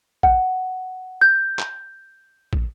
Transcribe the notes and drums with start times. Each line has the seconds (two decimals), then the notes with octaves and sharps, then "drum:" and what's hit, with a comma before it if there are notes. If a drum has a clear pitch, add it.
0.23 F#5, drum: kick
1.21 G6
1.59 drum: clap
2.53 drum: kick